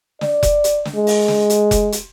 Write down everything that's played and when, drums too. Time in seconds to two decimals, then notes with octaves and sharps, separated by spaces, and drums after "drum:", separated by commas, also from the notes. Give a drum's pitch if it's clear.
0.21 D5, drum: snare
0.43 drum: kick F1, hi-hat
0.64 drum: hi-hat
0.85 drum: snare
0.95 G#3
1.07 drum: open hi-hat
1.28 drum: snare
1.50 drum: hi-hat
1.71 drum: kick F1, hi-hat
1.92 drum: hi-hat